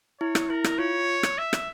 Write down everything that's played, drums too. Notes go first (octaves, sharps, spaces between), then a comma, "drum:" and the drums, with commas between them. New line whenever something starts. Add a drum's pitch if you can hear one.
E4 C#5
drum: rim click
E4 A#4
drum: rim click
F4 C#5
drum: rim click
E5
drum: rim click